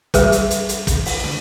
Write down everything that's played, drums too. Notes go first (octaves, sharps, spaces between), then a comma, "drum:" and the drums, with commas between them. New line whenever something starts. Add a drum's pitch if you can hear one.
G3 G#4 B4, drum: kick, hi-hat
drum: hi-hat
drum: hi-hat
drum: hi-hat
drum: kick, hi-hat
drum: open hi-hat
drum: snare